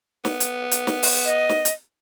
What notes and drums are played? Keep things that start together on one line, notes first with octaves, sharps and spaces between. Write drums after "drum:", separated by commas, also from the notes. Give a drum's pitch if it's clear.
B3, drum: snare
drum: hi-hat
drum: hi-hat
drum: snare
drum: open hi-hat
D#5
drum: snare
drum: hi-hat